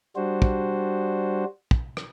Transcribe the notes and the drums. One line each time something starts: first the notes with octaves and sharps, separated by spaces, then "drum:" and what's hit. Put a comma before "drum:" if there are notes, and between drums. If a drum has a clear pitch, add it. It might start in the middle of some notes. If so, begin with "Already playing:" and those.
G3 D4 F#4 C5
drum: kick
drum: kick
drum: rim click